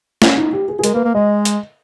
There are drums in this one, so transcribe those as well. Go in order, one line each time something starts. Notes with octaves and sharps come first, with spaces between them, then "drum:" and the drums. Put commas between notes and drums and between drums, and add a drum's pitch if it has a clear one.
C#4, drum: snare
D#4
G4
G#4
G#4
G#3 A#4, drum: hi-hat
A#3 B4
A#3
G#3 D#5
drum: hi-hat